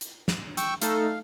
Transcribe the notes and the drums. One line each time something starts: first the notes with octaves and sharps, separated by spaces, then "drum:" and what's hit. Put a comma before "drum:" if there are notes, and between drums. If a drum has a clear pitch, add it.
drum: hi-hat
drum: snare
G5 C#6 E6, drum: hi-hat
A3 D#4 A4 F5, drum: hi-hat